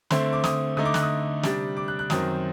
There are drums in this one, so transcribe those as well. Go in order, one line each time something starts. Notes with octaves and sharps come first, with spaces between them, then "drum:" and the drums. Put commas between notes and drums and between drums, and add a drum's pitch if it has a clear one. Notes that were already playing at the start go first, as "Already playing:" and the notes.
D3 A3 C4 C6, drum: snare
D6
D#6, drum: snare
D3 A3 D#4 D#6
D6
F#6, drum: snare
D#6
C3 G3 D4, drum: snare
D6
F#6
F#6
F#2 D#3 F#3 C4 D#6, drum: snare